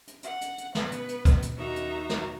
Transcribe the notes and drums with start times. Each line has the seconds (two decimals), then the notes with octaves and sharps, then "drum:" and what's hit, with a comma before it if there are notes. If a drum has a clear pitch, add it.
0.07 drum: hi-hat
0.23 F#5, drum: hi-hat
0.41 drum: hi-hat
0.58 drum: hi-hat
0.75 B3 B4, drum: snare
0.92 drum: hi-hat
1.09 drum: hi-hat
1.25 drum: kick, hi-hat
1.42 drum: hi-hat
1.56 D#2 D#4 F#4 E5 A#5
1.76 drum: hi-hat
2.10 drum: snare